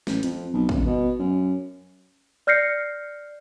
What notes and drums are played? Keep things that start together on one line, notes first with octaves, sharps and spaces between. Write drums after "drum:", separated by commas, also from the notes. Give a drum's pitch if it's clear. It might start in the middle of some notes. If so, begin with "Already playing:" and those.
A1, drum: snare
F2, drum: hi-hat
B1
D#1, drum: kick
B2
F#2
D5 F6 G6 A#6 C7 C#7